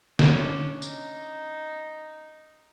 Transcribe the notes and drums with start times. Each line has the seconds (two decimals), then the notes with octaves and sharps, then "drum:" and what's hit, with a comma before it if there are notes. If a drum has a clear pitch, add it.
0.19 C#4 D4, drum: snare
0.82 D#4, drum: tambourine